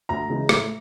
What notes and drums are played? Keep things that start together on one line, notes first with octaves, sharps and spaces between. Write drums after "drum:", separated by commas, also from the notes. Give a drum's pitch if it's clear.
D2 A#5
C#3 E3 G#3
A2, drum: rim click